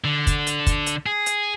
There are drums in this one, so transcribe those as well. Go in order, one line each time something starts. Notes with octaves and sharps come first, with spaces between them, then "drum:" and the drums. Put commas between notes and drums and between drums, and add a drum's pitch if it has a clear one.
D3
drum: kick, hi-hat
drum: hi-hat
drum: kick, hi-hat
drum: hi-hat
G#4
drum: hi-hat